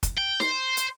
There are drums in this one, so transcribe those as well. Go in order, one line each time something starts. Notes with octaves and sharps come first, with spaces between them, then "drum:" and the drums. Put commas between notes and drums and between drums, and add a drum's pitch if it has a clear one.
drum: kick, hi-hat
G5
C5, drum: snare
drum: hi-hat